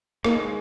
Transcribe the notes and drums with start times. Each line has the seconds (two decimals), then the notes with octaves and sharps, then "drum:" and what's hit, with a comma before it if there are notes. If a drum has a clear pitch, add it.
0.24 A#3 D#4, drum: rim click
0.40 G#3